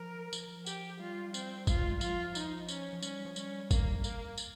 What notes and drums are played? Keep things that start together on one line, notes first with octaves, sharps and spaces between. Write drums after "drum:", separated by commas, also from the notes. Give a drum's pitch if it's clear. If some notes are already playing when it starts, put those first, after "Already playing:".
Already playing: F3 A#4
F3, drum: tambourine
G4, drum: tambourine
G3 F4
C4, drum: tambourine
G#3 F4, drum: kick, tambourine
G3
G#3
G3
F3 F4, drum: tambourine
D#4, drum: tambourine
C#4, drum: tambourine
F3
G3 C#4, drum: tambourine
F3
G3 C#4, drum: tambourine
A#3, drum: kick, tambourine
A#3, drum: tambourine
drum: tambourine